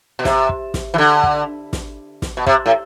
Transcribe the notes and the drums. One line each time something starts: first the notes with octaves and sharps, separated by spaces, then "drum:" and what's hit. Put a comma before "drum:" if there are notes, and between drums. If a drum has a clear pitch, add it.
B2
C3, drum: snare
drum: kick
drum: snare
E3
D3
drum: kick
drum: snare
drum: snare
B2
C3, drum: kick
A2